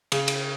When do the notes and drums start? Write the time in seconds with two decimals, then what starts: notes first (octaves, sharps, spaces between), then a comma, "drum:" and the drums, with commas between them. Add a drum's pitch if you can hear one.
0.12 C#3, drum: cymbal
0.28 drum: cymbal